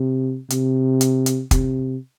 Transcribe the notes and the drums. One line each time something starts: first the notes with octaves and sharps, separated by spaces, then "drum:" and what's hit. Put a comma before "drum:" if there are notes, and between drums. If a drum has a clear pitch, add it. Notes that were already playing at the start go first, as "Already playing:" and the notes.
Already playing: C3
C3, drum: hi-hat
drum: hi-hat
drum: hi-hat
C3, drum: kick, hi-hat